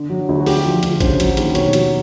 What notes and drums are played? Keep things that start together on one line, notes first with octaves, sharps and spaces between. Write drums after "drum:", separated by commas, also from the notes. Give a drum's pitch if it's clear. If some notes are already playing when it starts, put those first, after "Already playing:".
Already playing: D3
F#3
D2
F#4
D3 G4, drum: open hi-hat
F3
D2, drum: hi-hat
C#3 C5, drum: kick A1, hi-hat
F#3, drum: hi-hat
D#2, drum: hi-hat
B2 C#5, drum: hi-hat
F#3, drum: hi-hat